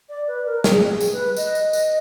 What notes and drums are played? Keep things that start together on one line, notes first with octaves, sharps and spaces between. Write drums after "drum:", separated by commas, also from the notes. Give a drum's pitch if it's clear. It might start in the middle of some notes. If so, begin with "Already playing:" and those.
D5
B4
A#4
G#4, drum: snare
G#4
drum: tambourine
B4
D#5, drum: tambourine
drum: tambourine
drum: tambourine